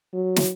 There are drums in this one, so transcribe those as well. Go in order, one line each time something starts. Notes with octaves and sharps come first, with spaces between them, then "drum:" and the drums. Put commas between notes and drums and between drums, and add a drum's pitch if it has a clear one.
F#3
drum: snare